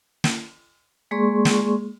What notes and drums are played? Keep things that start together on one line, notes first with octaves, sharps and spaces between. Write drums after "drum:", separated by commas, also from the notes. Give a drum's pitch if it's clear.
drum: snare
G#3 A#3 G#4 D5 C6 C#6
drum: snare